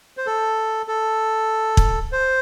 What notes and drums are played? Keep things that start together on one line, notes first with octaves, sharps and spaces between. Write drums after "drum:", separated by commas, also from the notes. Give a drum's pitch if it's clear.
C5
A4
A4
drum: kick
C5